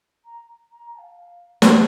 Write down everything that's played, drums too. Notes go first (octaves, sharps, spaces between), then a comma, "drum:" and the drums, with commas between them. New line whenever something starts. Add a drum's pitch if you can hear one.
A#5
A#5
A5
F5
C5 D#5, drum: snare